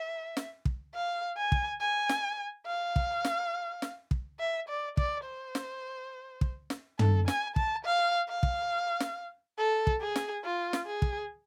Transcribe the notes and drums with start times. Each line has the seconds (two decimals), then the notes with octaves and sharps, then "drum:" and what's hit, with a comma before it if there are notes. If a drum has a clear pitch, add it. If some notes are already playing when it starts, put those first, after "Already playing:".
Already playing: E5
0.37 drum: snare
0.65 drum: kick
0.95 F5
1.37 G#5
1.52 drum: kick
1.80 G#5
2.09 drum: snare
2.67 F5
2.96 drum: kick
3.25 drum: snare
3.82 drum: snare
4.11 drum: kick
4.40 E5
4.69 D5
4.97 D5, drum: kick
5.26 C5
5.55 drum: snare
6.41 drum: kick
6.70 drum: snare
6.99 A4, drum: tom
7.28 G#5, drum: snare
7.56 A5, drum: kick
7.85 F5
8.29 F5
8.43 drum: kick
9.00 drum: snare
9.59 A4
9.87 drum: kick
10.01 G#4
10.16 drum: snare
10.44 F4
10.73 drum: snare
10.87 G#4
11.02 drum: kick